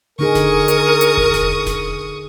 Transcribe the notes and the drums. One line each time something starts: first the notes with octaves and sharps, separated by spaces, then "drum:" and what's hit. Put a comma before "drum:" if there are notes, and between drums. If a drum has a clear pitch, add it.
D3 D#4 G#4 A#4 C#6 D#6
drum: snare E1
drum: hi-hat
drum: hi-hat
drum: kick F1
drum: snare E1
drum: snare E1